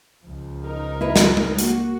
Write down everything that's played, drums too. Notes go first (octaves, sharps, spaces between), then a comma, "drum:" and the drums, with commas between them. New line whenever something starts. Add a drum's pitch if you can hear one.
C#2 F3
D#4 A#4
E4 B4
drum: snare
drum: tom
A#3 F#4, drum: hi-hat